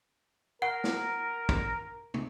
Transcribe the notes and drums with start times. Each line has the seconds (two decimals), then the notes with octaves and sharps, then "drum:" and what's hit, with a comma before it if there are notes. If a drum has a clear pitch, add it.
0.62 A#4 F#5
0.84 drum: snare
1.49 drum: kick
2.14 drum: tom